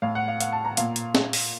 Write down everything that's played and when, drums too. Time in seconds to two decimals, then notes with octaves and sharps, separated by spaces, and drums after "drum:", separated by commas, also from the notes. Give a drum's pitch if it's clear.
0.02 A2 F5
0.15 F#5
0.28 F5
0.40 F5, drum: hi-hat
0.52 A5
0.65 A#5
0.77 A#2 F5, drum: hi-hat
0.96 drum: hi-hat
1.15 drum: snare
1.33 drum: open hi-hat